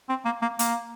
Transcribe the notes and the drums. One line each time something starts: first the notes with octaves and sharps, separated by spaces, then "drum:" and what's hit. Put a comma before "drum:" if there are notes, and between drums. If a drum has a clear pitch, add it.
C4
A#3
A#3
A#3, drum: hi-hat